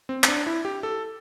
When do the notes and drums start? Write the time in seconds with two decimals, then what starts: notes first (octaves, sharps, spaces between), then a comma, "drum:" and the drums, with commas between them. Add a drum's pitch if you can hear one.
0.09 C4
0.24 C4, drum: clap
0.28 D4
0.46 E4
0.65 G4
0.83 A4